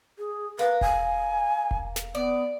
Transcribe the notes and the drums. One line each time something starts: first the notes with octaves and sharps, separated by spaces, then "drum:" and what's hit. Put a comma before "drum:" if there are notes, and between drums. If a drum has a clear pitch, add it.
G#4
A#3 B4
G#5, drum: kick E1
drum: kick E1
drum: snare
B3 D5